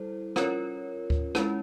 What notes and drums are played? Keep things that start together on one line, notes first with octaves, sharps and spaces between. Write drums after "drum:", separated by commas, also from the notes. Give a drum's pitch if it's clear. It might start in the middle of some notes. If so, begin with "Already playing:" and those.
Already playing: G3 E4 A4 C5
C#4 F4 A#4 C#5, drum: rim click
drum: kick D2
G#3 C#4 E4, drum: rim click